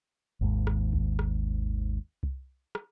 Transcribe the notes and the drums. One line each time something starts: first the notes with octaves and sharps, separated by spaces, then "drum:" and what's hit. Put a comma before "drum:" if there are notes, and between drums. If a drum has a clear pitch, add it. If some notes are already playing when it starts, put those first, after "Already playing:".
G#1 D#2 G#2
drum: rim click
drum: kick C2
drum: rim click
drum: kick C2
drum: rim click